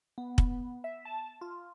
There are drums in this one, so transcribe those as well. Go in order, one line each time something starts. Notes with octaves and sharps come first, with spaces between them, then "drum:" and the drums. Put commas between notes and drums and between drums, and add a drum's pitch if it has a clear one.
B3
drum: kick
E5
A5
F4